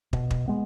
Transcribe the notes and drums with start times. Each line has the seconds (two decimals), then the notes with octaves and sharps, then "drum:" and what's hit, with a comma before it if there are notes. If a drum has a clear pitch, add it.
0.13 B2, drum: kick
0.31 drum: kick
0.48 G#3 B3